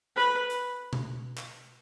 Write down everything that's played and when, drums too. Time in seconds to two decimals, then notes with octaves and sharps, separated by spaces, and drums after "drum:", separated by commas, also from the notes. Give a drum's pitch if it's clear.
0.16 B4
0.50 drum: hi-hat
0.93 drum: tom B2
1.37 drum: clap